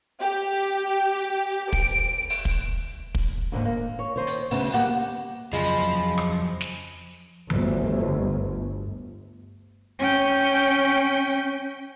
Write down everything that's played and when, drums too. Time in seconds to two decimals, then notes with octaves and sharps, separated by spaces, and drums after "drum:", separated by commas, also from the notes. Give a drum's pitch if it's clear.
0.22 G4
1.73 D7, drum: kick
2.30 drum: open hi-hat
2.45 drum: kick
3.15 drum: kick
3.52 D#2 G#2 D3
3.65 A#3
3.99 C#5
4.16 D#3 C5 C#5
4.27 drum: hi-hat
4.51 D2 C#3 B3 F#4, drum: open hi-hat
4.73 G3 A#3 G4 F#5, drum: hi-hat
5.53 F2 C#3 F3 F#3 G#3 B5
6.18 drum: rim click
6.61 drum: snare
7.50 G1 D2, drum: tom E3
9.99 C#4 G5